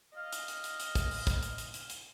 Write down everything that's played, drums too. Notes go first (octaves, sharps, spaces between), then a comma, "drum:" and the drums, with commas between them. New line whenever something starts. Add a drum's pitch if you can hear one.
D#5 F5
drum: hi-hat
drum: hi-hat
drum: hi-hat
drum: hi-hat
drum: kick, hi-hat
drum: open hi-hat
drum: kick, hi-hat
drum: hi-hat
drum: hi-hat
drum: hi-hat
drum: hi-hat